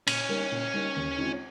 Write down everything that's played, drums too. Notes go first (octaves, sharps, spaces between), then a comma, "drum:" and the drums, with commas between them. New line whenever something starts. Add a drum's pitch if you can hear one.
A#2 C#4, drum: cymbal
G3 A#3 D#4 A#4
A#2
G3 A#3 D#4 A#4
D#2
D#3 G#3 C4 F4